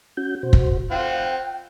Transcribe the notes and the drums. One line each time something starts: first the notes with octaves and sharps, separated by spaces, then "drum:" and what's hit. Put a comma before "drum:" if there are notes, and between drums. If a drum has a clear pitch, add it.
C#4 F#4 G6
B2 F#4 C5
drum: kick
C4 F4 F#5 G5